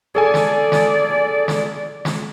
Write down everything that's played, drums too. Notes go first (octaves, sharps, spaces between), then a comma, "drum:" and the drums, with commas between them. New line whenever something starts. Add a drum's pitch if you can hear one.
G#4 A4 D5 G#5
drum: snare
drum: snare
drum: snare
drum: snare